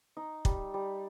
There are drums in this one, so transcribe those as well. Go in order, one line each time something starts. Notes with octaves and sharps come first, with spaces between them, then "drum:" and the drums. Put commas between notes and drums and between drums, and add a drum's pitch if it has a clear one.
D#4
G3, drum: kick
G3